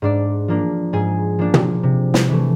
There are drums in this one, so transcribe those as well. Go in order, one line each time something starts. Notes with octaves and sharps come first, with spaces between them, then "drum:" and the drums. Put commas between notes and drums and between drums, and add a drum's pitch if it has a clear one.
G#2 D4 D5
F3 A#3 D4
G#2 G#4 G#5
F3 A#3 D4
drum: tom
C3
drum: snare
E3 A3